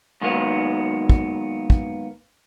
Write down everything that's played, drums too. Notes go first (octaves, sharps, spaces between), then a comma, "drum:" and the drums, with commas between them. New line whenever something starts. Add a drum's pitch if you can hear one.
G#2 D#3 F#3 A#3 B3
drum: kick
drum: kick